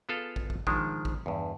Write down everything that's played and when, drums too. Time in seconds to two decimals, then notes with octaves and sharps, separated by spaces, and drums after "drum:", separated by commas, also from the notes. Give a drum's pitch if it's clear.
0.09 B3 F4 G#4 A4 F5
0.36 drum: kick
0.50 drum: kick
0.67 D#3 F3 G#3 D4, drum: kick
1.05 drum: kick
1.26 E2 G2